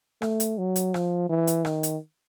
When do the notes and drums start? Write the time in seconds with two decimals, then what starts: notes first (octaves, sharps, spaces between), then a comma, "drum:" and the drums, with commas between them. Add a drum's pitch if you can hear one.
0.22 A3, drum: rim click
0.40 drum: hi-hat
0.58 F#3
0.76 drum: hi-hat
0.94 F3, drum: rim click
1.29 E3
1.47 drum: hi-hat
1.65 D#3, drum: rim click
1.83 drum: hi-hat